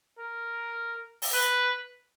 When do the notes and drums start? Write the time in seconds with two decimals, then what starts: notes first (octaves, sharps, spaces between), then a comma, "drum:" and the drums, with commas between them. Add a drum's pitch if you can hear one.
0.19 A#4
1.22 drum: open hi-hat
1.34 B4